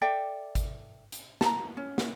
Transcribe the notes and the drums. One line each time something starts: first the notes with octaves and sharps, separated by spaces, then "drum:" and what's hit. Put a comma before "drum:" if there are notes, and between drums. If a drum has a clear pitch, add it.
A4 D5 E5 G5
drum: kick G#1, hi-hat
drum: hi-hat
A5 A#5, drum: snare
C#4
drum: snare